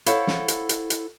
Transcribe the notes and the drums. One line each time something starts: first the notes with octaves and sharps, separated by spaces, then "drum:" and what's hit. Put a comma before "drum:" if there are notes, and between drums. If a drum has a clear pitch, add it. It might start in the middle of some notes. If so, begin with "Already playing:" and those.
E4 A4 C5 C#5 F5 F#5, drum: hi-hat
drum: snare
drum: hi-hat
drum: hi-hat
drum: hi-hat